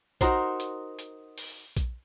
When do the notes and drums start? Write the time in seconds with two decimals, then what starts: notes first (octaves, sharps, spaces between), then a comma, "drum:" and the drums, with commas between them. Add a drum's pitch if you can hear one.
0.21 D#4 F#4 A#4 C5, drum: kick A#1, hi-hat
0.60 drum: hi-hat
0.99 drum: hi-hat
1.38 drum: open hi-hat
1.77 drum: kick A#1, hi-hat